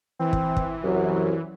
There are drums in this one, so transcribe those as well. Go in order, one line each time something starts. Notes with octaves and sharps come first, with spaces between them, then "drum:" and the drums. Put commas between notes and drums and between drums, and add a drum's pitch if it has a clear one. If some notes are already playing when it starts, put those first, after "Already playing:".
E3 C4
drum: kick
drum: kick
C2 F#2 F#3